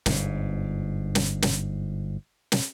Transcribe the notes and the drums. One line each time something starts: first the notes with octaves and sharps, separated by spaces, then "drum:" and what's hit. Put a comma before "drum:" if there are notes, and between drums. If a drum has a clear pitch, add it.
G1 G#2, drum: snare
drum: snare
drum: snare
drum: snare